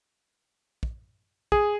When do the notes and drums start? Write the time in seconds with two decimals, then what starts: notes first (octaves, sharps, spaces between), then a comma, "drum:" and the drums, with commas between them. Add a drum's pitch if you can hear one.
0.83 drum: kick
1.52 G#4, drum: kick